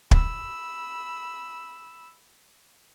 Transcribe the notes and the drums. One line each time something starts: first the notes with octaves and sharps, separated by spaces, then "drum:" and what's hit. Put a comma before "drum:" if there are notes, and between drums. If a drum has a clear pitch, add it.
B5 E6, drum: kick